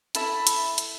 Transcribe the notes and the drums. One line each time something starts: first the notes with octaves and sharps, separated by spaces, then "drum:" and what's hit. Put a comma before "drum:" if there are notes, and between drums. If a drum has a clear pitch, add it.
E4 A4 E5 B5, drum: hi-hat
drum: hi-hat
drum: hi-hat